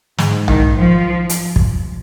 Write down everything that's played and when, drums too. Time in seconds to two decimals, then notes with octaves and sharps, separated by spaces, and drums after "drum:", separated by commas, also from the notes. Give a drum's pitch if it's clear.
0.18 G#2, drum: snare
0.48 D#3, drum: tom B1
0.76 F3
1.29 drum: hi-hat
1.56 drum: kick